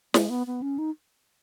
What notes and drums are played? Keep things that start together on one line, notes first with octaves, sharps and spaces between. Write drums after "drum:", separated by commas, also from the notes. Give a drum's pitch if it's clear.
G#3, drum: snare
B3
B3
C#4
D#4